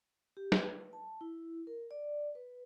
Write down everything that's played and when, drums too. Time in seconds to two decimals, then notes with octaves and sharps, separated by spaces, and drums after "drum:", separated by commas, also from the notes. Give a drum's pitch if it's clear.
0.37 G4
0.52 B4, drum: snare
0.93 A5
1.21 E4
1.67 A#4
1.91 D5
2.35 B4